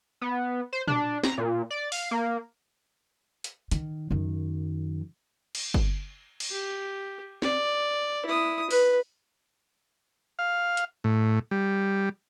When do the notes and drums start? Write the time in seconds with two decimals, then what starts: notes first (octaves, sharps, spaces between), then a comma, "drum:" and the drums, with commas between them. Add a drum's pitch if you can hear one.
0.21 B3
0.73 C5
0.88 D4, drum: tom A#2
1.24 A#5, drum: snare
1.38 A#2
1.70 D5
1.92 F5, drum: open hi-hat
2.11 A#3
3.44 drum: hi-hat
3.71 D#3, drum: hi-hat
4.10 F#2 D#3
5.55 drum: cymbal
5.74 drum: kick
6.40 drum: cymbal
6.51 G4
7.42 D5, drum: snare
8.26 E4 D#6
8.71 B4, drum: open hi-hat
10.39 F5
10.77 drum: hi-hat
11.04 A2
11.51 G3